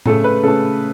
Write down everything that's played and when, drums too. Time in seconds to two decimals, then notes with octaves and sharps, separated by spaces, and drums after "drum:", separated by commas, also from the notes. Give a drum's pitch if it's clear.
0.06 C#3 A3 A4, drum: tom A2
0.24 B4
0.43 C#3 A3 A4